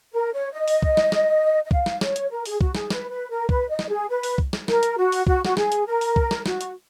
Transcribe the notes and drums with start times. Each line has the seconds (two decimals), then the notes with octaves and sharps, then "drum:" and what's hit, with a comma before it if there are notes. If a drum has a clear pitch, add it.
0.13 A#4
0.33 C#5
0.53 D#5
0.68 drum: open hi-hat
0.82 drum: kick
0.97 drum: snare
1.12 drum: snare
1.64 D#5
1.71 F5, drum: kick
1.86 drum: snare
2.01 C#5, drum: snare
2.16 drum: hi-hat
2.30 A#4
2.46 G#4, drum: open hi-hat
2.61 F#4, drum: kick
2.75 G#4, drum: snare
2.90 B4, drum: snare
3.10 B4
3.30 A#4
3.49 B4, drum: kick
3.70 D#5
3.79 drum: snare
3.88 G#4
4.09 B4
4.23 drum: open hi-hat
4.38 drum: kick
4.53 drum: snare
4.68 A#4, drum: snare
4.83 drum: hi-hat
4.97 F#4
5.12 drum: open hi-hat
5.27 F#4, drum: kick
5.45 F#4, drum: snare
5.57 G#4, drum: snare
5.72 drum: hi-hat
5.86 A#4
6.01 drum: open hi-hat
6.16 drum: kick
6.31 drum: snare
6.46 F#4, drum: snare
6.61 drum: hi-hat